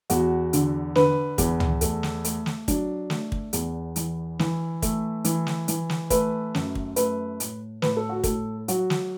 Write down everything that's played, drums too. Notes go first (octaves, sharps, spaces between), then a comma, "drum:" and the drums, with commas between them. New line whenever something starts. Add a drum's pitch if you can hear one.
E2 F#4, drum: hi-hat
D3, drum: hi-hat
D3 B4, drum: snare
E2, drum: kick, hi-hat
drum: tom
A3 A4, drum: hi-hat
drum: snare
A3, drum: hi-hat
drum: snare
F#3 D4, drum: kick, hi-hat
A3, drum: snare
drum: kick
E2, drum: hi-hat
E3, drum: hi-hat
E3, drum: snare
A3, drum: kick, hi-hat
E3, drum: hi-hat
drum: snare
E3, drum: hi-hat
drum: snare
A3 B4, drum: kick, hi-hat
F#2, drum: snare
drum: kick
A3 B4, drum: hi-hat
A2, drum: hi-hat
A2 B4, drum: snare
A4
F#4
A2 A4, drum: kick, hi-hat
F#3 F#4, drum: hi-hat
drum: snare